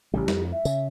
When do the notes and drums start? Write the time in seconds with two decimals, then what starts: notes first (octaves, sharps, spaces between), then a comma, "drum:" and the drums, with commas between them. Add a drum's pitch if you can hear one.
0.14 A1 C#3 G3 G4
0.28 F2, drum: snare
0.51 E5
0.65 C#3, drum: tambourine